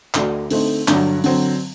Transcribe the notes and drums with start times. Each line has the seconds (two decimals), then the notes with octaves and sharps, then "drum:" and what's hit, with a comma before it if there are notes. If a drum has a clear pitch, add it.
0.14 D2 D3 A3 D4 F#4, drum: clap
0.51 D3 A3 C4 D#4, drum: open hi-hat
0.88 G2 D3 F#3, drum: clap
1.24 D3 F#3 C4, drum: open hi-hat